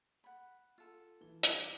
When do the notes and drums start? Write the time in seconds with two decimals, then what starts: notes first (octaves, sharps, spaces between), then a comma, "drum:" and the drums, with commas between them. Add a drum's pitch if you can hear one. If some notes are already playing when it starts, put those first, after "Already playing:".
0.24 F#5 B5
0.78 F4 A4
1.21 E3 G7
1.43 F5 G#5, drum: hi-hat
1.61 A5 D6 G6